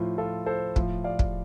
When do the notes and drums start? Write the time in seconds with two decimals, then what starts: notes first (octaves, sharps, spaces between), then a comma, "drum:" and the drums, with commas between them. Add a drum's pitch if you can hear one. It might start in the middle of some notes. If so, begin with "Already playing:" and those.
Already playing: A2 F3 F4
0.18 F4 A4
0.46 A4 C5
0.76 A2 F3, drum: kick
1.04 D5 F5
1.19 drum: kick